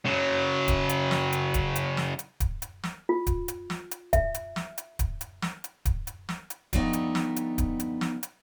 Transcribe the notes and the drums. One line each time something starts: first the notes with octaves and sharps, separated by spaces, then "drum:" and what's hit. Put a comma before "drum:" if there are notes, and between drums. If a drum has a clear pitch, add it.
C#3 F#3
drum: kick D1, hi-hat
drum: hi-hat
drum: snare
drum: hi-hat
drum: kick D1, hi-hat
drum: hi-hat
drum: snare
drum: hi-hat
drum: kick D1, hi-hat
drum: hi-hat
drum: snare
F4
drum: kick D1, hi-hat
drum: hi-hat
drum: snare
drum: hi-hat
E5, drum: kick D1, hi-hat
drum: hi-hat
drum: snare
drum: hi-hat
drum: kick D1, hi-hat
drum: hi-hat
drum: snare
drum: hi-hat
drum: kick D1, hi-hat
drum: hi-hat
drum: snare
drum: hi-hat
D3 F3 G3 A3 B3 D#4, drum: kick D1, hi-hat
drum: hi-hat
drum: snare
drum: hi-hat
drum: kick D1, hi-hat
drum: hi-hat
drum: snare
drum: hi-hat